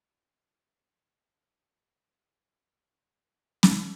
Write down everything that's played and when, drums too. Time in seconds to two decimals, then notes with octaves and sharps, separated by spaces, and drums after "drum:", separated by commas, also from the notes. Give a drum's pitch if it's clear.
0.25 G#3
1.44 G4
2.52 C#3 B4 G#5
3.63 drum: snare